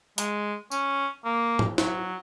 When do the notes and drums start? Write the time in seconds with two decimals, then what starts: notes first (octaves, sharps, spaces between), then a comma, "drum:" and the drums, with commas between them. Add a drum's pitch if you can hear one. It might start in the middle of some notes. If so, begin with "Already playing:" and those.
0.18 G#3, drum: hi-hat
0.71 C#4, drum: tambourine
1.25 A#3
1.59 drum: tom G#2
1.78 F#3, drum: snare